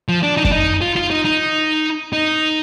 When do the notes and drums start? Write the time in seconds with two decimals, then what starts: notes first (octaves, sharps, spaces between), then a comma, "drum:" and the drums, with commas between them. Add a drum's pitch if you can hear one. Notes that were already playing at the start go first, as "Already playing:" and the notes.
0.09 F3
0.23 D4
0.37 D#4
0.45 D4, drum: kick F#2
0.52 D#4
0.82 F4
0.96 F4
1.11 D#4
1.25 D#4
2.13 D#4